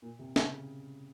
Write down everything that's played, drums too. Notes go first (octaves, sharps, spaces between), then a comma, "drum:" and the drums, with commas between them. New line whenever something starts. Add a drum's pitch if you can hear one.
A#2
C3
C#3, drum: snare